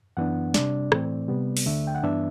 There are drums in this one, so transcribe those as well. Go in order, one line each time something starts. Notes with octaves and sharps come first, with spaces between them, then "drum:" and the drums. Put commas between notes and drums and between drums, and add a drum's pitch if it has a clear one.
F#2 E3 B3 D4 F#5
C3 G3 D4 D5, drum: snare
A2 E3 A3 C4, drum: rim click
C3 G3 B3
drum: open hi-hat
D2 D3 A3 D4 E5
G5
F#5
G2 E3 B3 D4 E5